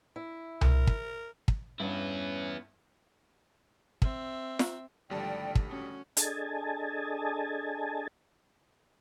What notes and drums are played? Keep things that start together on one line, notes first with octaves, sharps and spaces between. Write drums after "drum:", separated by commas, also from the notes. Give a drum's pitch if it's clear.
E4
A#4, drum: tom C2
drum: kick
drum: kick
G2 B3 C#4 E4
C4 E5, drum: kick
drum: snare
G#1 D3 F3 G3 A3 D5 G5 A5
drum: kick
C#4 F#4 D#6
D4 G#4 A4 D#5 G#5 A5, drum: hi-hat